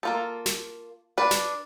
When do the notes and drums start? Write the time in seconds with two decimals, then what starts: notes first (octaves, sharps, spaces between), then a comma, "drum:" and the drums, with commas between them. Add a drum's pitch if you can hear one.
0.03 A#3 F4 A4
0.46 drum: snare
1.18 D4 B4
1.31 drum: snare